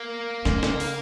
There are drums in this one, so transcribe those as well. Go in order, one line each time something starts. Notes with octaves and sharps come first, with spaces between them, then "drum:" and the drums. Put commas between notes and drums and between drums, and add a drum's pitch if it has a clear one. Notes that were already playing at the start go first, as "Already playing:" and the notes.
Already playing: A#3
C#3, drum: snare
drum: snare
drum: open hi-hat